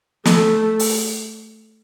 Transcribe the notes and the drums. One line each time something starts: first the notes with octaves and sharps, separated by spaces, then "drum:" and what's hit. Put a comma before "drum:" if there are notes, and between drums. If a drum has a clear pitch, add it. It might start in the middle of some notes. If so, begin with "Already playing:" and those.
A3, drum: snare
drum: open hi-hat